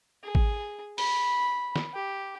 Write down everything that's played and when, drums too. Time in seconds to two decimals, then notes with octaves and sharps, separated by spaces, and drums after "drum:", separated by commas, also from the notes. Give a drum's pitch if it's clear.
0.24 G#4
0.35 drum: kick G#1
0.98 B5, drum: open hi-hat
1.76 drum: snare
1.94 G4